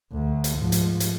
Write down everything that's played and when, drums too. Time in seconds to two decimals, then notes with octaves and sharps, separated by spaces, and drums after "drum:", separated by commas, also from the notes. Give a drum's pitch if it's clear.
0.13 D2
0.44 drum: hi-hat
0.58 G#2 F3
0.72 drum: hi-hat
1.00 drum: hi-hat